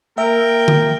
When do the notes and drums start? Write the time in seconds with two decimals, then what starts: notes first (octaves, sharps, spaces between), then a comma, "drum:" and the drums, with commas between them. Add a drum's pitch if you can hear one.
0.18 A#3 A#4 E5 G5
0.68 drum: tom